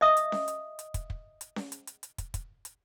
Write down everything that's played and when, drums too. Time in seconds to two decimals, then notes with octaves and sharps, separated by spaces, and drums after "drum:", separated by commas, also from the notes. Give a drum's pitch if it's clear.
0.01 D#5 E5 D#6
0.17 drum: hi-hat
0.32 drum: snare C#4
0.48 drum: hi-hat
0.79 drum: hi-hat
0.94 drum: kick, hi-hat
1.10 drum: kick
1.41 drum: hi-hat
1.56 drum: snare C#4
1.72 drum: hi-hat
1.87 drum: hi-hat
2.03 drum: hi-hat
2.18 drum: kick, hi-hat
2.34 drum: kick, hi-hat
2.65 drum: hi-hat